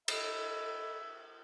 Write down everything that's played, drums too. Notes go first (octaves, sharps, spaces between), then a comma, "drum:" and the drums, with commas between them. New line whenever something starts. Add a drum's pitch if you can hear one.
A4 D#5 E5 B5, drum: cymbal